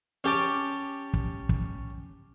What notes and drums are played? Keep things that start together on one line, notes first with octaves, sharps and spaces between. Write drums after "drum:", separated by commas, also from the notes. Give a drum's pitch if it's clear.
C#4 G4 A5 D6
drum: kick
drum: kick